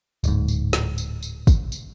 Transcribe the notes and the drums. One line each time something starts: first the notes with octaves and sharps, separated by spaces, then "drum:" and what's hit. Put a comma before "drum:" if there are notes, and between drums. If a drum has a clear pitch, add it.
D1 G#2, drum: tambourine
drum: tambourine
drum: snare
drum: tambourine
drum: tambourine
drum: kick, tambourine
drum: tambourine